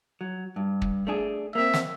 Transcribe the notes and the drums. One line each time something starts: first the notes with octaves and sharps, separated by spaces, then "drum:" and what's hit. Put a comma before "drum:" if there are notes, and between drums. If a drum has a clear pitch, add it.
F#3
G2
drum: kick
A3 D4 G#4
A#3 C4 E5
drum: snare